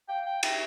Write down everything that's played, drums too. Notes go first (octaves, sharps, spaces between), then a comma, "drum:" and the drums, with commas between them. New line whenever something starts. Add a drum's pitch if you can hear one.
F5 G5
G5
E5 G5, drum: cymbal